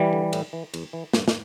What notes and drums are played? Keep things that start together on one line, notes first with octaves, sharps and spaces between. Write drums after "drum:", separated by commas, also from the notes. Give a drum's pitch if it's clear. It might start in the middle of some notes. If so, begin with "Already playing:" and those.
Already playing: E3 G3
D3
A2, drum: cymbal
E3
E2, drum: cymbal
E3
G2, drum: snare
drum: snare